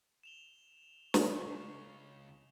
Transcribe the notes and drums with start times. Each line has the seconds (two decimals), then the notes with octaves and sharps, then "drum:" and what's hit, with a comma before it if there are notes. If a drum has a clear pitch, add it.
0.23 E7 F7 G7
1.14 C#6, drum: snare
1.46 C#2 C#4